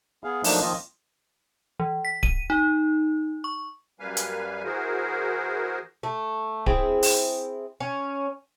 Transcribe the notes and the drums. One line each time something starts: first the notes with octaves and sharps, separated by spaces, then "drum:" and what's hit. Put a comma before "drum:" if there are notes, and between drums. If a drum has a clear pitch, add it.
B3 G#4 F5
F3 F#3 A3 A#3 D4 D#4, drum: open hi-hat
D#3 F3 A#3 F4 D#5
E3
B6
D#7, drum: kick D1
D#4
C#6
F#2 G3 A#3 B4 F5 G#5
drum: hi-hat
E3 F#4 G#4 A#4 C5
A3
C4 E4 G#4, drum: kick D1
drum: open hi-hat
C#4